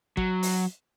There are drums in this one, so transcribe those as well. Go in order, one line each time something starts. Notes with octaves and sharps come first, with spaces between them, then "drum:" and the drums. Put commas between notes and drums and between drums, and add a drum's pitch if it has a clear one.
F#3, drum: kick
drum: open hi-hat